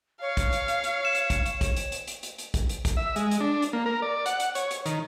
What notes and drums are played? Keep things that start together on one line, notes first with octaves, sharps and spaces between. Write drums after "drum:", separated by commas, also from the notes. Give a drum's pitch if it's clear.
C#5 F5
drum: kick, hi-hat
drum: hi-hat
drum: hi-hat
drum: hi-hat
E7
drum: hi-hat
drum: kick, hi-hat
drum: hi-hat
drum: kick, hi-hat
drum: hi-hat
drum: hi-hat
drum: hi-hat
drum: hi-hat
drum: hi-hat
drum: kick, hi-hat
drum: hi-hat
drum: kick, hi-hat
E5
G#3, drum: hi-hat
drum: hi-hat
D4
drum: hi-hat
A#3
A#4
D5
F#5, drum: hi-hat
drum: hi-hat
C#5, drum: hi-hat
drum: hi-hat
D#3, drum: hi-hat